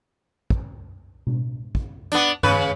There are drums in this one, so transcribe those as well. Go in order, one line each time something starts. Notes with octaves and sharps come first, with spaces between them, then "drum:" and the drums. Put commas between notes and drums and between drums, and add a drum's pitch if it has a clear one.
drum: kick
drum: tom B2
drum: kick
B3 D4, drum: hi-hat
C#3 B4, drum: tom G2